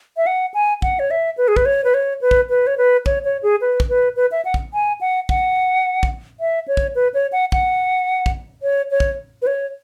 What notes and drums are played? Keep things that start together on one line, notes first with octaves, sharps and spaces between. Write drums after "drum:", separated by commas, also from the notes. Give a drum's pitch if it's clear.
E5
F#5
G#5
F#5, drum: kick
C#5
E5
B4
G#4
B4, drum: kick
C#5
B4
C#5
B4
drum: kick
B4
C#5
B4
C#5, drum: kick
C#5
G#4
B4
drum: kick
B4
B4
E5
F#5
drum: kick
G#5
F#5
F#5, drum: kick
drum: kick
E5
C#5
drum: kick
B4
C#5
F#5
F#5, drum: kick
drum: kick
C#5
C#5
drum: kick
B4
C#5